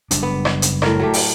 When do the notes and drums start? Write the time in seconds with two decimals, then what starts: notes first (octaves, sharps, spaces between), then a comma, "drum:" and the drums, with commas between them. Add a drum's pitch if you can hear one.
0.11 F#1 G3 D4, drum: hi-hat
0.23 B3
0.45 drum: rim click
0.62 drum: hi-hat
0.82 A2 A#4, drum: rim click
1.00 F#3 A3 G4
1.14 drum: open hi-hat